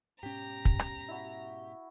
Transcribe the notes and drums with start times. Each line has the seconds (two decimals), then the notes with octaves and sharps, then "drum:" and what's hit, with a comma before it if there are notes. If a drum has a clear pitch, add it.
0.23 G#2 B2 C#4 G4 A#5
0.65 drum: kick
0.79 drum: rim click
1.08 E4 F#4